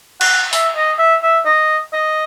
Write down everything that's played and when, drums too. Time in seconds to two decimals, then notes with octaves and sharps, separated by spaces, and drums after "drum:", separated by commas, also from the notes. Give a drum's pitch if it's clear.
0.21 F#5, drum: cymbal
0.53 E5, drum: open hi-hat
0.76 D#5
0.99 E5
1.23 E5
1.45 D#5
1.93 D#5